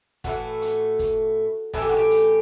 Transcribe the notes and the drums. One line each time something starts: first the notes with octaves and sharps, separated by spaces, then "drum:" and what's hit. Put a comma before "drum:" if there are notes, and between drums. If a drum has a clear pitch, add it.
A2 E3 A3 F#4, drum: kick, hi-hat
drum: hi-hat
drum: kick, hi-hat
A2 E3 A3 A4, drum: kick, hi-hat
G4
F#4
G4
drum: hi-hat